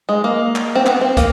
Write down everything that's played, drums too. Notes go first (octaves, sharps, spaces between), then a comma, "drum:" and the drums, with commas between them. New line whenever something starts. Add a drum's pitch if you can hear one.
G#3
A#3
drum: clap
C4
B3, drum: clap
C4
A#3, drum: kick, hi-hat